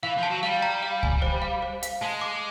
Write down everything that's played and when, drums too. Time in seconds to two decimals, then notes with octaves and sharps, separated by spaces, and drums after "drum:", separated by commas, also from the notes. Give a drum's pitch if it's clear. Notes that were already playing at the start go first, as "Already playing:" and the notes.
0.03 E3 F5
0.17 F3
0.23 A5
0.30 F#3
0.43 G3 F5
0.62 A#5
0.83 F5
1.03 G#5, drum: kick C#2
1.22 C5
1.42 F5
1.62 C5
1.83 F5, drum: hi-hat
2.01 G#3 A5
2.21 D6